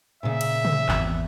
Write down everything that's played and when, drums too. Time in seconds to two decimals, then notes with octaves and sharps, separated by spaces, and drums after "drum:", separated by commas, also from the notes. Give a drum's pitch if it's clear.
0.23 A#2 C#3 E5
0.41 drum: cymbal
0.65 drum: tom C#3
0.89 G#1 E2, drum: clap